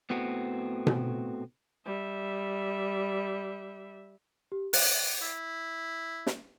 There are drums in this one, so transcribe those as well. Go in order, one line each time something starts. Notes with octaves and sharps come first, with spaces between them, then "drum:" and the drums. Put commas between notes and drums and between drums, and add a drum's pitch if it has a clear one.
A2 B3 C4 F#4
drum: tom B2
G3 E5
G4
F#6, drum: open hi-hat
E4
drum: snare